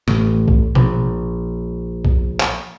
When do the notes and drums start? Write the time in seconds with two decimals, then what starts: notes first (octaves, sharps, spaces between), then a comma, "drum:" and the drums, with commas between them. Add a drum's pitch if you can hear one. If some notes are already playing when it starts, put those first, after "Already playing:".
0.08 A1, drum: snare
0.48 drum: kick B1
0.75 A#1, drum: tom B2
2.05 drum: kick B1
2.40 drum: clap